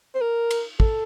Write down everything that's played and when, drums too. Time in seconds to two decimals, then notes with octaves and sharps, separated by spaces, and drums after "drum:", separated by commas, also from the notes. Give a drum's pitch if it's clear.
0.15 C5
0.21 A#4
0.51 drum: cymbal
0.80 A4, drum: kick